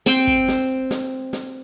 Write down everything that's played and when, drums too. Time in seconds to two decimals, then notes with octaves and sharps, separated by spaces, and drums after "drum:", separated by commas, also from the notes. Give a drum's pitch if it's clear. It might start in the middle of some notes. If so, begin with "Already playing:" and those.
0.06 C4 C5 G5
0.27 drum: kick
0.48 drum: snare
0.91 drum: snare
1.33 drum: snare